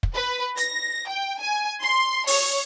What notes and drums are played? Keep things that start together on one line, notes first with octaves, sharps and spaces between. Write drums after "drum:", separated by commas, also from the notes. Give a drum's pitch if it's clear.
drum: kick
B4
A#6, drum: hi-hat
G5
G#5
C6
C#5, drum: open hi-hat